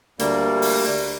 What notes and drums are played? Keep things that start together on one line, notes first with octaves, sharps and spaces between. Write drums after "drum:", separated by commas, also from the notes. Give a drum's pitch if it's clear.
D2 G3 A#3, drum: hi-hat
drum: open hi-hat